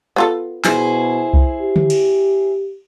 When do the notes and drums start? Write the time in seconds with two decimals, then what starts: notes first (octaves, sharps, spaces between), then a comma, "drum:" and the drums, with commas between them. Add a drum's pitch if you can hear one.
0.16 B3 F4 A4
0.64 B2 E4 G#4 C5, drum: clap
1.33 drum: kick C2
1.61 G4
1.76 drum: tom D3
1.90 drum: cymbal